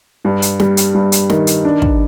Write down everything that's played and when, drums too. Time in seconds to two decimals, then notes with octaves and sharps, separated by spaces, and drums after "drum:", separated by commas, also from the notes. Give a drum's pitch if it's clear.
0.25 G2
0.42 drum: hi-hat
0.60 G3, drum: snare
0.77 drum: hi-hat
0.94 G2
1.12 drum: hi-hat
1.30 D#3, drum: snare
1.47 drum: hi-hat
1.65 D4
1.82 drum: kick